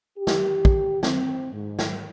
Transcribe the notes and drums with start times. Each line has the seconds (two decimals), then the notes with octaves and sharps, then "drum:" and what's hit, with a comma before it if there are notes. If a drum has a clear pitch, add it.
0.18 G4
0.27 drum: snare
0.65 drum: kick
1.03 C4, drum: snare
1.52 G#2
1.79 drum: snare